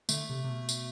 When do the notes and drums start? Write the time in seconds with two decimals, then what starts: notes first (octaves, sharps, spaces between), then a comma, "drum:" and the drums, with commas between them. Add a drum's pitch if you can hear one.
0.09 D3 A3, drum: tambourine
0.29 C3
0.44 C3
0.49 B2
0.69 drum: tambourine